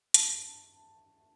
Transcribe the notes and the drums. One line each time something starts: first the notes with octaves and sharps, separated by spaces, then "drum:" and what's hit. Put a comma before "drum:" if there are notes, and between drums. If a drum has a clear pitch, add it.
A5, drum: hi-hat